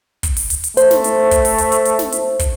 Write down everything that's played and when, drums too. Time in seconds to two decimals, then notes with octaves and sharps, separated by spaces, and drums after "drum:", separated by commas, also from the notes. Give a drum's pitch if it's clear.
0.23 drum: kick, hi-hat
0.37 drum: open hi-hat
0.50 drum: hi-hat
0.64 drum: hi-hat
0.77 A3 C5, drum: hi-hat
0.91 drum: snare
1.04 drum: hi-hat
1.31 drum: kick, hi-hat
1.45 drum: open hi-hat
1.58 drum: hi-hat
1.72 drum: hi-hat
1.85 drum: hi-hat
1.99 drum: snare
2.12 drum: hi-hat
2.39 drum: kick, hi-hat